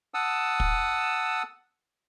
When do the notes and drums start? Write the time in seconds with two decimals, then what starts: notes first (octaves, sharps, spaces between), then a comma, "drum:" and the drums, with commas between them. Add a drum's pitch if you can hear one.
0.14 F#5 A5 D#6 E6
0.60 drum: kick